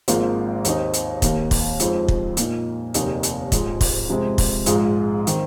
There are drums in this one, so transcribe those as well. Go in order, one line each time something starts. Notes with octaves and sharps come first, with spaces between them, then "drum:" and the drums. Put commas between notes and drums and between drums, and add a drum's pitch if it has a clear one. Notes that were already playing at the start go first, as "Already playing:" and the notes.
G#1 G#2 F3 A#3 F4, drum: hi-hat
D#2 D#3 C4 D#4, drum: hi-hat
drum: hi-hat
D#2 D#3 A#3, drum: kick, hi-hat
drum: kick, open hi-hat
F2 F3 G#3 C4 D#4, drum: hi-hat
drum: kick
A#2 A#3 D#4, drum: hi-hat
F1 D#2 D#3 A#3 D#4, drum: hi-hat
drum: hi-hat
G#2 F3 G#3 C4, drum: kick, hi-hat
drum: kick, open hi-hat
F2 C3 G#3
drum: kick, open hi-hat
A#1 G#2 G#3 F4 G#4, drum: hi-hat
D#3 C4, drum: hi-hat